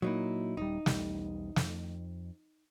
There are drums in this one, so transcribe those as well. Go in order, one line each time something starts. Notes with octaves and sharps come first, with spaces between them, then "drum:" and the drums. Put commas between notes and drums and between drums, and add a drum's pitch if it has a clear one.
A#2 F#3 A#3 D#4 E4
D#1 G3 D#4
B1 E2 G3, drum: snare
F2, drum: snare